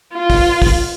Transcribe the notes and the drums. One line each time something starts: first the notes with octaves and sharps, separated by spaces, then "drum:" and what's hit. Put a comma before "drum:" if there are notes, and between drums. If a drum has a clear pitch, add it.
F4
drum: kick, open hi-hat
drum: kick, open hi-hat